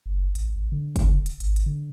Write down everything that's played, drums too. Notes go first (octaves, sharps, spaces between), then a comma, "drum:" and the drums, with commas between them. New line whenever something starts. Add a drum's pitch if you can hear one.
F#1
A1, drum: hi-hat
A1
D3
drum: kick F#1, hi-hat
D1
drum: hi-hat
G#1, drum: hi-hat
drum: hi-hat
D3